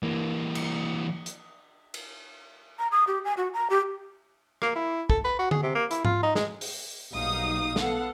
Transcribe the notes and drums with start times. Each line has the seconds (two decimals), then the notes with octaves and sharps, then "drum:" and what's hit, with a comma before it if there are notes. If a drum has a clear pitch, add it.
0.03 E3 A#3
0.55 drum: cymbal
1.26 drum: hi-hat
1.94 drum: cymbal
2.79 A#5
2.92 D#6
3.07 G4
3.25 G#5
3.37 F#4
3.54 A#5
3.70 G4
4.62 A#3, drum: rim click
4.75 E4
5.10 A4, drum: kick
5.24 B4
5.39 F#4
5.51 G#4, drum: tom D3
5.62 C3
5.75 A#3
5.91 E4, drum: hi-hat
6.05 F4, drum: tom G#2
6.23 D#4
6.35 G#3, drum: snare
6.61 drum: open hi-hat
7.13 B1 G3 A#3 D#4 F5 D#6
7.76 B3 A4 F5 F#5, drum: snare